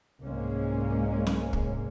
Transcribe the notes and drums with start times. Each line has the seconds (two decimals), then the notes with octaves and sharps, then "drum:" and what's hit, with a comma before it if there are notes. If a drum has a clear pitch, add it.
0.21 C2 G#2 G#3 A#3 C#4
1.27 drum: snare
1.53 drum: kick